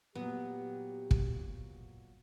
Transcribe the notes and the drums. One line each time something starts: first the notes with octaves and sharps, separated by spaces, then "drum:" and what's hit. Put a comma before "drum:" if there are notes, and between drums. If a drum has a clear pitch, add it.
A#2 F#3 B3 G4
drum: kick